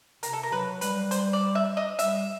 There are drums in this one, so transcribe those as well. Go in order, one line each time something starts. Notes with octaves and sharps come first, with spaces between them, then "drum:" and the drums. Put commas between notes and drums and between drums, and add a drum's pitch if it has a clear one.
C3 A#4, drum: hi-hat
A4
A#4
F#3 B4
G3 B4, drum: hi-hat
C5, drum: hi-hat
D5
E5
D#5
G3 E5, drum: hi-hat